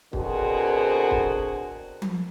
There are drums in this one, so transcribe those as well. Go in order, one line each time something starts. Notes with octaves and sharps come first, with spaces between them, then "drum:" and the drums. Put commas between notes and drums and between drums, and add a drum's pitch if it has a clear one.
B2 D3 C4 F#4 G#4 A#4, drum: kick
drum: kick
drum: tom F3